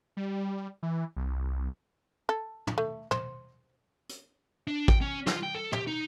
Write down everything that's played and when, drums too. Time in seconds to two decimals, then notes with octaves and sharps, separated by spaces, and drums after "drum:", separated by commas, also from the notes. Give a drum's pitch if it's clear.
0.17 G3
0.83 E3
1.16 C2
2.29 A4
2.67 drum: tom
2.78 A3
3.11 C5, drum: tom
4.09 drum: hi-hat
4.67 D4
4.88 G5, drum: kick A1
5.01 C#4
5.27 F4, drum: snare
5.43 G5
5.55 A4
5.72 G4, drum: tom
5.87 D#4